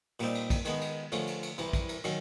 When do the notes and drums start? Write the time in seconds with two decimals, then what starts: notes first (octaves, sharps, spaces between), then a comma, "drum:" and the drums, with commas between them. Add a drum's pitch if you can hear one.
0.20 A#2 G3 C4 D#4, drum: cymbal
0.35 drum: cymbal
0.50 drum: kick A#1, cymbal
0.65 D#3 G#3 B3 D#4, drum: cymbal
0.81 drum: cymbal
1.12 D3 F3 A3 C#4, drum: cymbal
1.27 drum: cymbal
1.43 drum: cymbal
1.58 C2 C3 E3, drum: cymbal
1.73 drum: kick A#1, cymbal
1.89 drum: cymbal
2.04 D#3 F#3 C#4, drum: cymbal